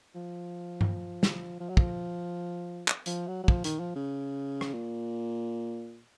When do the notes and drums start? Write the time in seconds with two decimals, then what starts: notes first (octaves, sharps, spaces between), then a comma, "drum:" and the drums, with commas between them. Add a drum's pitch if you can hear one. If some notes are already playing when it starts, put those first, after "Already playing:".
0.15 F3
0.81 drum: tom G2
1.23 drum: snare
1.60 F3
1.69 F#3
1.77 F3, drum: kick
2.88 drum: clap
3.06 F3, drum: hi-hat
3.28 F#3
3.43 F#3
3.48 F3, drum: kick
3.64 D#3, drum: hi-hat
3.80 F3
3.95 C#3
4.61 drum: rim click
4.73 A#2